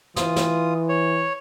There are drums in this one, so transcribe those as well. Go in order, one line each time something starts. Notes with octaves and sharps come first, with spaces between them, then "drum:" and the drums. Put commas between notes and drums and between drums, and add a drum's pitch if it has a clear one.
E3 F4 D#6, drum: snare
drum: snare
C#5